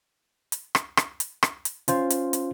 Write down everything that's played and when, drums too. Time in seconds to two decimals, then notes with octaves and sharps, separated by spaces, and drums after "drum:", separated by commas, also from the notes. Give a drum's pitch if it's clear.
0.52 drum: hi-hat
0.75 drum: rim click
0.97 drum: rim click
1.20 drum: hi-hat
1.43 drum: rim click
1.65 drum: hi-hat
1.88 C#4 F4 C5, drum: hi-hat
2.10 drum: hi-hat
2.33 drum: hi-hat